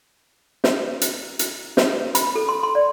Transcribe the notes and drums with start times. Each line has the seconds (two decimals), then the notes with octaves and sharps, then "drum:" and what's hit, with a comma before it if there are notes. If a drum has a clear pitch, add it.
0.64 drum: snare
1.02 drum: hi-hat
1.39 drum: hi-hat
1.77 drum: snare
2.15 B5, drum: hi-hat
2.35 A4
2.49 C6
2.63 C6
2.75 D5